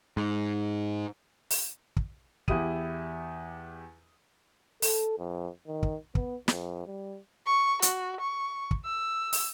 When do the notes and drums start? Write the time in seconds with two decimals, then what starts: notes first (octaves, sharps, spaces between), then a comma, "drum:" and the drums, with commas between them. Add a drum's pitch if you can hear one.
0.17 G#2
1.51 drum: open hi-hat
1.97 drum: kick
2.48 E2 E4 G4 D#6 D#7, drum: kick
4.82 A4, drum: open hi-hat
5.18 F2
5.67 D#3
5.83 drum: kick
6.15 B3, drum: kick
6.48 F2, drum: snare
6.87 G3
7.46 C#6
7.82 F#4, drum: hi-hat
8.21 C#6
8.71 drum: kick
8.85 E6
9.33 drum: open hi-hat